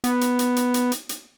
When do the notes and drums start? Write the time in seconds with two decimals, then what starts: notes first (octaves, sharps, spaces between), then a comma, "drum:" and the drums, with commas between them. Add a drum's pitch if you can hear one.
0.04 B3, drum: hi-hat
0.21 drum: hi-hat
0.39 drum: hi-hat
0.56 drum: hi-hat
0.74 drum: hi-hat
0.92 drum: hi-hat
1.09 drum: hi-hat